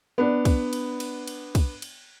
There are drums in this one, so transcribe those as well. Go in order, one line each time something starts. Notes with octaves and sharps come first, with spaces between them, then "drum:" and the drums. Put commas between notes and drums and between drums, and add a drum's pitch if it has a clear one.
B3 D4
drum: kick, cymbal
drum: cymbal
drum: cymbal
drum: cymbal
drum: kick, cymbal
drum: cymbal